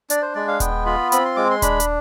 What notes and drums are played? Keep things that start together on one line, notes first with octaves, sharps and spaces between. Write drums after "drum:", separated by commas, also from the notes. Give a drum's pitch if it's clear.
D4 D5, drum: hi-hat
C5
G#3 D5
F5
B3 G5, drum: kick D#1, hi-hat
F4 B5
C4 B5, drum: hi-hat
C6
G#3 D6
C6
D4 B5, drum: kick D#1, hi-hat
drum: hi-hat